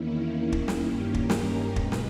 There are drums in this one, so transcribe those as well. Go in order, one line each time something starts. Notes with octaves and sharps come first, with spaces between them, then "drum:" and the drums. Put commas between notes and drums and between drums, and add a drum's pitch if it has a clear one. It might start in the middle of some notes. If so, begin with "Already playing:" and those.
Already playing: E2 D#3 A#3 C#4 E4
drum: kick
drum: snare
G2 D#3 A#3 C#4 G4
drum: kick
A#4, drum: snare
B2 G#3 B4, drum: kick
drum: snare